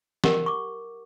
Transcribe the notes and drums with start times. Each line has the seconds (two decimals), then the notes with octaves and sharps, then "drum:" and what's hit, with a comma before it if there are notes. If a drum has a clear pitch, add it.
0.24 G4 A#4 F#5, drum: snare
0.46 C#6 D6